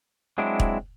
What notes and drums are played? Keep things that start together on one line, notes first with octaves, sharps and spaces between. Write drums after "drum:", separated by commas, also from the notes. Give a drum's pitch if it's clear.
F#3 G#3 C4 D4 E4
drum: kick